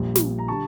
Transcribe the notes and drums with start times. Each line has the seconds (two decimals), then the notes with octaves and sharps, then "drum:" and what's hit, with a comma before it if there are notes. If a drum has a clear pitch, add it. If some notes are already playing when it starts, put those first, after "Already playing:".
Already playing: A#1 A#2 G3
0.16 drum: snare
0.39 A#5
0.48 D3 G3 A5 C#6